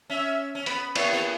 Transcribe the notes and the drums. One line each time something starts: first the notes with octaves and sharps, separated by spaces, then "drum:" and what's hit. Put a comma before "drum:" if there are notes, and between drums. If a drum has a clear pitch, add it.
C#4 E5
C#4
B3 B5, drum: hi-hat
B3 C#6, drum: cymbal
B3